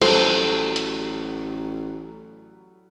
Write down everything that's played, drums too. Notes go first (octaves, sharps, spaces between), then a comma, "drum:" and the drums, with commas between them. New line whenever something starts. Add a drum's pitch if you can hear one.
A1 F#3 G3 A4 C5, drum: cymbal
drum: hi-hat